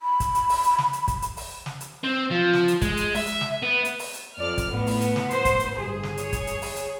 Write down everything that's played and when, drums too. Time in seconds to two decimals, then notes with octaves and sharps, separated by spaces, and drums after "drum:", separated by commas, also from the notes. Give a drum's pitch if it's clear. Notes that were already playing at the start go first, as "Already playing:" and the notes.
0.02 B5
0.20 drum: kick, hi-hat
0.35 drum: hi-hat
0.49 drum: open hi-hat
0.64 drum: hi-hat
0.78 drum: snare
0.93 drum: hi-hat
1.08 drum: kick, hi-hat
1.22 drum: hi-hat
1.37 drum: open hi-hat
1.66 drum: snare
1.80 drum: hi-hat
2.04 C4
2.30 F3
2.53 drum: snare
2.68 drum: hi-hat
2.81 G#3, drum: kick, hi-hat
2.97 drum: hi-hat
3.15 E5, drum: open hi-hat
3.26 drum: hi-hat
3.41 drum: snare
3.63 B3
3.85 drum: hi-hat
3.99 drum: open hi-hat
4.14 drum: hi-hat
4.37 F2 D5 F6
4.58 drum: kick, hi-hat
4.68 A2 B3
4.87 drum: open hi-hat
5.01 drum: hi-hat
5.16 drum: snare
5.30 C5, drum: hi-hat
5.45 drum: kick, hi-hat
5.60 drum: hi-hat
5.78 G1 G#4
6.03 drum: snare
6.17 C#5, drum: hi-hat
6.33 drum: kick, hi-hat
6.47 drum: hi-hat
6.62 drum: open hi-hat
6.76 drum: hi-hat